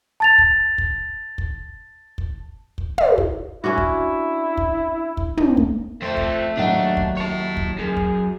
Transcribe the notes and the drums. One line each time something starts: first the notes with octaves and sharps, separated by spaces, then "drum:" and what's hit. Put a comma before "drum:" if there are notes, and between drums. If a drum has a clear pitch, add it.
A5 A6 F7
drum: kick
drum: kick
drum: kick
drum: kick
drum: kick
drum: tom
drum: kick
C#4 D4 E4 F#4
drum: kick
drum: kick
drum: kick
drum: tom
drum: kick
F2 A3 C4
drum: kick
D#2 F#3 D4 F#5
drum: kick
C#5 A5
drum: kick
F#2 G#4
drum: kick